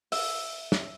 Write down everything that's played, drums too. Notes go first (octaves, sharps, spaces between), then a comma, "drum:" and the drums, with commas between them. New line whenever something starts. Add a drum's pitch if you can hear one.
E5, drum: open hi-hat
drum: snare